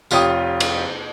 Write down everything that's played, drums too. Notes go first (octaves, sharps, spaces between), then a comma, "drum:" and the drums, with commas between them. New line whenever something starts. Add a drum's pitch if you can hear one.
F1 F4 G4 C#5 D#6, drum: tambourine
drum: cymbal